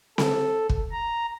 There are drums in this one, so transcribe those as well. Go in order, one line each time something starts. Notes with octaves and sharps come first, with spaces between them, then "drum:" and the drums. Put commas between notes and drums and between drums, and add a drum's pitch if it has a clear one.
A4, drum: snare C4
drum: kick
A#5